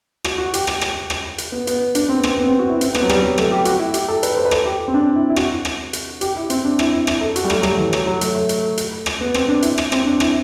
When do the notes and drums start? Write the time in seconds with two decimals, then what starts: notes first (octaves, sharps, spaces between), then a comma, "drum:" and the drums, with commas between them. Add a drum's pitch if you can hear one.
0.24 F#4, drum: rim click
0.38 F#4
0.54 G4, drum: hi-hat
0.67 drum: rim click
0.81 drum: rim click
1.10 drum: rim click
1.38 drum: hi-hat
1.52 B3
1.67 B3, drum: hi-hat
1.95 D4, drum: hi-hat
2.09 C4
2.18 B3
2.23 C4, drum: rim click
2.38 B3
2.49 C4
2.59 F#4
2.69 E4
2.81 C4, drum: hi-hat
2.94 B3, drum: rim click
3.03 F#3
3.09 G3, drum: rim click
3.22 F#3
3.38 A3, drum: rim click
3.51 G4
3.65 F#4, drum: hi-hat
3.79 E4
3.94 G4, drum: hi-hat
4.08 A4
4.23 B4, drum: hi-hat
4.37 C5
4.45 B4
4.51 A4, drum: rim click
4.66 G4
4.88 C4
4.94 D4
5.16 E4
5.30 E4
5.36 F#4, drum: rim click
5.65 drum: rim click
5.93 drum: hi-hat
6.21 G4, drum: hi-hat
6.36 E4
6.50 C4, drum: hi-hat
6.65 D4
6.79 E4, drum: rim click
6.93 E4
7.07 E4, drum: rim click
7.21 A4
7.36 F#4, drum: hi-hat
7.44 G3
7.50 A3, drum: rim click
7.60 F#3
7.63 G3, drum: rim click
7.78 E3
7.93 F#3, drum: rim click
8.07 F#3
8.21 A3, drum: hi-hat
8.35 A3
8.49 drum: hi-hat
8.78 drum: hi-hat
9.06 drum: rim click
9.21 B3
9.34 C4, drum: rim click
9.48 D4
9.62 E4, drum: hi-hat
9.78 E4, drum: rim click
9.92 C4, drum: rim click
10.06 D4
10.20 E4, drum: rim click